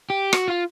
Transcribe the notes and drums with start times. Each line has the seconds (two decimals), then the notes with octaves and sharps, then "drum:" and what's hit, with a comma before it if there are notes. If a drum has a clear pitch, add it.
0.10 G4
0.33 F#4, drum: rim click
0.48 F4